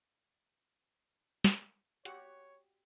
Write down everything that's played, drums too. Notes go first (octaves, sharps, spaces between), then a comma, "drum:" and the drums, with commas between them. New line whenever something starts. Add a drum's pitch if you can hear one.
drum: snare
F#4 G4 C#5 F#5, drum: hi-hat